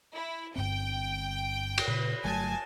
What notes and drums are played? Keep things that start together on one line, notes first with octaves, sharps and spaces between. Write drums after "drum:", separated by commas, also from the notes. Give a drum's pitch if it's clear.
E4
G1 G2 C4 G5
drum: cymbal
A#2 C#3 B4
G1 F#3 A3 G#5 A5